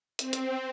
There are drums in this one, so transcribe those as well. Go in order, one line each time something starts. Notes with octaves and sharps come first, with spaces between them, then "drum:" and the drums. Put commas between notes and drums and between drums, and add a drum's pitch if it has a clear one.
C4, drum: hi-hat
drum: hi-hat